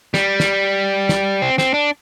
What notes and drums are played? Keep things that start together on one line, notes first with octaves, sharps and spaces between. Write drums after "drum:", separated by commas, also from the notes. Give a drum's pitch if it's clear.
G3, drum: snare
drum: snare
drum: snare
C4
C4, drum: snare
D4